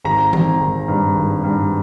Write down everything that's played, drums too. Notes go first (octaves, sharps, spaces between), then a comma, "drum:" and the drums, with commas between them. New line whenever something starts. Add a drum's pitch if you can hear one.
G#1 A#5
G#1, drum: tom E3
G#1
G2
G#1
G2